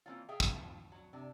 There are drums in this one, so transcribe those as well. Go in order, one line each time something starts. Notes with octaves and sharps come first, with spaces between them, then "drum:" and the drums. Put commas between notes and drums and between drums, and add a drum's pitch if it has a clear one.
E3 A#3 C4 C#4 F4
G#4 E5 F5 G5
drum: kick
F3
F#3
C3 D4 G4